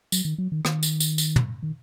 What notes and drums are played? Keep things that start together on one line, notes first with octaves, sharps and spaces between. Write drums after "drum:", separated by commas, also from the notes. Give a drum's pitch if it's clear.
F#3, drum: tambourine
D#3
F#3
D#3
D#3, drum: rim click
drum: tambourine
drum: tambourine
drum: tambourine
drum: tom
D#3